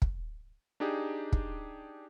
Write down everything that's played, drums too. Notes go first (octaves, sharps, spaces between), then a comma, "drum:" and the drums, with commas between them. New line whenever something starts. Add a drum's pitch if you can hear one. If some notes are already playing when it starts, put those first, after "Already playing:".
drum: kick
D4 D#4 G4 G#4
drum: kick